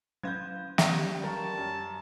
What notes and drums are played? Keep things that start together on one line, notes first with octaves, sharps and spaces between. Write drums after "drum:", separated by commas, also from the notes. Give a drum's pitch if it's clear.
F#3 C#4 F5 G6 G#6
drum: snare
G3
G3 A#4 A5 C#6
F#2